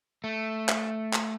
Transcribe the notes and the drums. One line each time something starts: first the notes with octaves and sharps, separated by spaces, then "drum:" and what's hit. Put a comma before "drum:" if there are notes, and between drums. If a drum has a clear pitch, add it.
A3
drum: clap
drum: clap